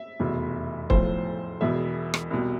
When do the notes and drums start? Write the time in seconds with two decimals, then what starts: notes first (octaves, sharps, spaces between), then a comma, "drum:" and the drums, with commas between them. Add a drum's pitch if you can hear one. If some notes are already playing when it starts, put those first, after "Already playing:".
Already playing: E5
0.19 F1 E2 B2
0.90 B1 A2 F3 C5, drum: kick
1.61 E1 E2 B2 E5
2.14 drum: rim click
2.31 C2 B2